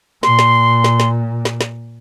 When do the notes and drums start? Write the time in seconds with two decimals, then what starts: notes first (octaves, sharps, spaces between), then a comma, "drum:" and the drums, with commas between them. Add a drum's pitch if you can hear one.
0.23 A#2 C6, drum: snare
0.39 drum: snare
0.84 drum: snare
1.00 drum: snare
1.45 drum: snare
1.61 drum: snare